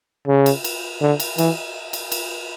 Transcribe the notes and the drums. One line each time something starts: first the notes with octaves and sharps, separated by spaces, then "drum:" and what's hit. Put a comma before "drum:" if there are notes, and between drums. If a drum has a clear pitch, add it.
C#3
drum: cymbal
drum: cymbal
D3
drum: cymbal
E3, drum: cymbal
drum: cymbal
drum: cymbal